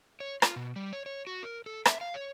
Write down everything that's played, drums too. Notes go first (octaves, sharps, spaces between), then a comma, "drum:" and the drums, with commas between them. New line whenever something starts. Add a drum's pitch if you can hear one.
C#5
F4, drum: rim click
B2
G3
C#5
C#5
F#4
A#4
A4
E5, drum: rim click
F5
C#5